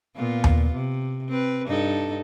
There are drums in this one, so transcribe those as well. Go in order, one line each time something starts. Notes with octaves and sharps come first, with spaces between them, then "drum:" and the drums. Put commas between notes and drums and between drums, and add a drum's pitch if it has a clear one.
A#2 B3 F4
drum: tom D#2
C3
C4 B4
G2 D#4 A4